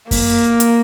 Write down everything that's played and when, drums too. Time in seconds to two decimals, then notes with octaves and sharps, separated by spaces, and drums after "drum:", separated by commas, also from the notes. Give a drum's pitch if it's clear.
0.11 A#3, drum: kick F#2, open hi-hat
0.60 drum: hi-hat